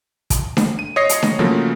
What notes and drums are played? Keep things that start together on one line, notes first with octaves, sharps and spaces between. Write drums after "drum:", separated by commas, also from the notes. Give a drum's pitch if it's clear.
drum: kick, hi-hat
drum: snare D4
D#7
C#5 D#5 D#6 A#6 C7
drum: hi-hat
drum: snare D4
C#3 F3 F#3 A3 A#3